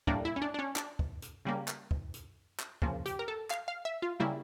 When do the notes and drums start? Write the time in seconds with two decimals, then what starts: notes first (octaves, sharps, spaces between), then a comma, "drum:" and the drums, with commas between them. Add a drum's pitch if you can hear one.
0.07 A2 G3 A#3 D4, drum: kick
0.25 E4
0.36 C#4
0.42 D4
0.54 D4
0.59 C#4
0.76 D4, drum: clap
0.99 drum: kick
1.22 drum: hi-hat
1.45 C#3 G3 A#3
1.68 drum: clap
1.91 drum: kick
2.14 drum: hi-hat
2.59 drum: clap
2.82 C#3 F3 A#3, drum: kick
3.06 G4, drum: hi-hat
3.19 A#4
3.28 A4
3.50 F5, drum: clap
3.68 F5
3.85 E5
4.02 F4
4.20 C#3 G3 A#3 E4